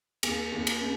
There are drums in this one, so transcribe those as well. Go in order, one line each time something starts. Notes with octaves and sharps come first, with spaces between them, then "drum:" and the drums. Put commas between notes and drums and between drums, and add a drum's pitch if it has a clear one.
D#2 G#4, drum: cymbal
D#2
drum: cymbal
C#3